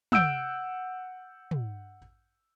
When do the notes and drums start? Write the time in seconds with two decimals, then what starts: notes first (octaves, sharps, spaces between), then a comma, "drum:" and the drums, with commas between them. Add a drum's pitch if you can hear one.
0.12 F#5 E6 G6 D7, drum: tom
1.51 drum: tom